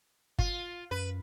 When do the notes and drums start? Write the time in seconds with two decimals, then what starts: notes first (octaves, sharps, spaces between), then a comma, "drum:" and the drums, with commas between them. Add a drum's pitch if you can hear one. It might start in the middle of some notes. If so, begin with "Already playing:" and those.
0.39 F4, drum: kick
0.91 F#2 B4